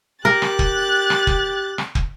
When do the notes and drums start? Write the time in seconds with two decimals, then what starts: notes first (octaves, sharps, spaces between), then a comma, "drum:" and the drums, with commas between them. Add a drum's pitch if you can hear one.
0.25 G4 A#4 F#6 A6
0.42 drum: rim click
0.59 drum: kick
1.10 drum: rim click
1.27 drum: kick
1.78 drum: rim click
1.95 drum: kick